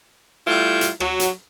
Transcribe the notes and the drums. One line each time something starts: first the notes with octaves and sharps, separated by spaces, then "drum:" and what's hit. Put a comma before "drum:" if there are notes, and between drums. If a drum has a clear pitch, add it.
G3 A3 E4 F4
drum: hi-hat
F#3, drum: rim click
drum: hi-hat